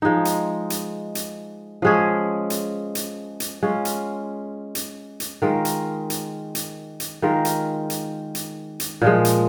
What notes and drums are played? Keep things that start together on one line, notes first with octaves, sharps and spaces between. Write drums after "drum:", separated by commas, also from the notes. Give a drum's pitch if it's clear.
F3 G#3 D#4
drum: hi-hat
drum: hi-hat
drum: hi-hat
F3 G#3 C#4 G#4
drum: hi-hat
drum: hi-hat
drum: hi-hat
G#3 C#4 F4
drum: hi-hat
drum: hi-hat
drum: hi-hat
D#3 G#3 F4 A#4
drum: hi-hat
drum: hi-hat
drum: hi-hat
drum: hi-hat
D#3 G#3 F4 A#4
drum: hi-hat
drum: hi-hat
drum: hi-hat
drum: hi-hat
A#2 F3 G#3
drum: hi-hat